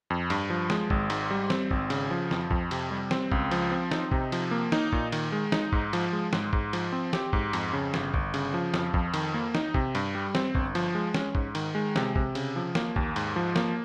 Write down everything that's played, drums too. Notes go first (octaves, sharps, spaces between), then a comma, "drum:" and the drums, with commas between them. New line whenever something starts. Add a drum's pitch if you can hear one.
F2
G2, drum: cymbal
F3
G#3, drum: snare
G#1, drum: kick
G#2, drum: cymbal
G3
C4, drum: snare
G#1, drum: kick
C#3, drum: cymbal
F3
F2, drum: snare
F2, drum: kick
C3, drum: cymbal
G3
C4, drum: snare
C#2, drum: kick
F3, drum: cymbal
C4
D#4, drum: snare
C3, drum: kick
F3, drum: cymbal
A#3
D#4, drum: snare
A#2, drum: kick
D#3, drum: cymbal
G#3
D#4, drum: snare
G#2, drum: kick
F3, drum: cymbal
G#3
G#2, drum: snare
G#2, drum: kick
F3, drum: cymbal
C4
G4, drum: snare
G#2, drum: kick
F2, drum: cymbal
C#3
G1, drum: snare
G1, drum: kick
C#3, drum: cymbal
F3
F2, drum: snare
F2, drum: kick
D#3, drum: cymbal
A#3
D#4, drum: snare
C3, drum: kick
G2, drum: cymbal
G3
C4, drum: snare
G1, drum: kick
F3, drum: cymbal
G#3
C#4, drum: snare
G#2, drum: kick
D#3, drum: cymbal
G#3
C3, drum: snare
C3, drum: kick
C#3, drum: cymbal
F3
A#3, drum: snare
D#2, drum: kick
G#2, drum: cymbal
F3
A#3, drum: snare